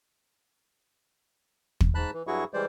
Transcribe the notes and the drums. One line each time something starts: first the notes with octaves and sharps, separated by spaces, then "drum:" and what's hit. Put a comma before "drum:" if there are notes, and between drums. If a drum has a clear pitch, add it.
drum: kick
G#2 A5 B5 F#6
E3
G2 F#3 E4 F#4 G#4 C#6
E3 G3 G#3 C5 D5